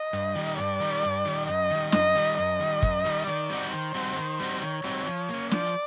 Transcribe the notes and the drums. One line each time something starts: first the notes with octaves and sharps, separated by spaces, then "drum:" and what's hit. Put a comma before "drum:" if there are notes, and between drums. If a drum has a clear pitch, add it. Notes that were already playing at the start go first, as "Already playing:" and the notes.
Already playing: D#5
G2, drum: hi-hat
D#3 G3
G2 D5, drum: hi-hat
D#3 G3
G2, drum: hi-hat
D#3 G3
F#2 D#5, drum: hi-hat
D#3 G3
F#2 D#5, drum: snare
D#3 G3
F#2 D#5, drum: hi-hat
D#3 G3
F#2, drum: kick, hi-hat
D#3 G3
D#3 D5, drum: hi-hat
G3 C4 D#4 F#4
D#3 C5, drum: hi-hat
G3 C4 D#4 F#4
D#3, drum: hi-hat
G3 C4 D#4 F#4
D#3 C#5, drum: hi-hat
G3 C4 D#4 F#4
F3, drum: hi-hat
A#3 C#4
F3 D5, drum: snare
drum: hi-hat